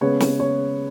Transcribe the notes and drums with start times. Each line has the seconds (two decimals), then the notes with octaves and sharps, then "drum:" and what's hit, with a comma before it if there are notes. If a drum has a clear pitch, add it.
0.01 C#3 G#3 B3 C#5
0.20 drum: snare
0.40 C#5